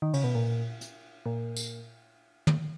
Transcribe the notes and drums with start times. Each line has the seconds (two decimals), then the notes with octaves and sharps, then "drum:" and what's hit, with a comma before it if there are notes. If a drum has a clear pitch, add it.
0.02 D#3
0.14 C#3, drum: cymbal
0.24 B2
0.35 A#2
0.81 drum: hi-hat
1.26 A#2
1.57 drum: tambourine
2.47 drum: tom